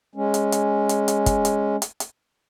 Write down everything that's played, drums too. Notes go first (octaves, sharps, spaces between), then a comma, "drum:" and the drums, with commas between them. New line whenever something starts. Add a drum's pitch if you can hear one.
G#3 C#4
drum: hi-hat
drum: hi-hat
drum: hi-hat
drum: hi-hat
drum: kick, hi-hat
drum: hi-hat
drum: hi-hat
drum: hi-hat